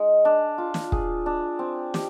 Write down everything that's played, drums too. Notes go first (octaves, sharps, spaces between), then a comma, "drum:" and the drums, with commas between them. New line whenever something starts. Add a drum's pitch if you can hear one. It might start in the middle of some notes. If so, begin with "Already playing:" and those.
Already playing: G#3 D#4
D4
F4
drum: snare
G#4, drum: kick
D4
C4
G4, drum: snare